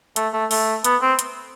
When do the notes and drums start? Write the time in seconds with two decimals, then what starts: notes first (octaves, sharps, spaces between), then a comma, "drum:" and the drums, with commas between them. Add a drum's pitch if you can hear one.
0.16 A3, drum: hi-hat
0.33 A3
0.51 A3, drum: open hi-hat
0.84 B3, drum: hi-hat
1.02 C4
1.19 drum: hi-hat